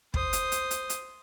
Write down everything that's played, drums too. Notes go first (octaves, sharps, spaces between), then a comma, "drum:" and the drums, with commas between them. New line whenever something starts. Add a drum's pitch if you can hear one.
C5 D#6, drum: kick
drum: hi-hat
drum: hi-hat
drum: hi-hat
drum: hi-hat